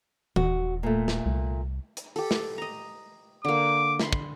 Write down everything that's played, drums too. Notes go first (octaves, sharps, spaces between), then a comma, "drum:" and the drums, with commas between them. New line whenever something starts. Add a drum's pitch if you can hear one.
D#1 F#4, drum: tom E3
A#2 A3
drum: snare
C2
drum: hi-hat
G4 A4, drum: open hi-hat
drum: snare
D#5 A#5
D3 A#3 D6
B5 C6, drum: snare
drum: kick